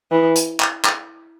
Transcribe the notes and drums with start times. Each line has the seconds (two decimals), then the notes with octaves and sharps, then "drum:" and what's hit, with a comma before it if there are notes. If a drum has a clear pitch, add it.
0.12 E3
0.36 drum: hi-hat
0.60 drum: clap
0.84 drum: clap